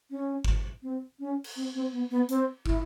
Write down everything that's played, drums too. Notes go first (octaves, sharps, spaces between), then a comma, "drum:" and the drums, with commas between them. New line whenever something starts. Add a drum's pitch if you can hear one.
C#4
drum: kick
C4
C#4
drum: cymbal
C4
C4
B3
B3
C4, drum: hi-hat
E4, drum: kick